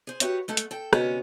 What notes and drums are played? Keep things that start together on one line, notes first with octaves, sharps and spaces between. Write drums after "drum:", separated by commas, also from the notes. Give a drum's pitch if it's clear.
G#4 C5
F#4 G4 B4 C#5 E5 F#5, drum: hi-hat
G#3 A3 A4 F#5
drum: hi-hat
A4 G5
D2 C3 G#3 B3 C#4 F#4, drum: rim click